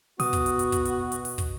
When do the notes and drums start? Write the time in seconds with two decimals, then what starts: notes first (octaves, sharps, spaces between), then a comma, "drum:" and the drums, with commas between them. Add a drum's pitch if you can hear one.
0.20 B2 B3 F#4 D#6, drum: open hi-hat
0.33 drum: kick, hi-hat
0.46 drum: hi-hat
0.59 drum: hi-hat
0.72 drum: kick, hi-hat
0.85 drum: hi-hat
1.12 drum: hi-hat
1.25 drum: open hi-hat
1.38 drum: kick, hi-hat